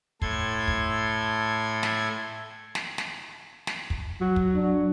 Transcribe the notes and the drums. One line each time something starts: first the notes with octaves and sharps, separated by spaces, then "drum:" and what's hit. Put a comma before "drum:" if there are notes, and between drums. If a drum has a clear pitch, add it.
A2 A4 C6 G#6, drum: kick
drum: kick
drum: snare
drum: snare
drum: snare
drum: snare
drum: kick
F#3
drum: kick
D4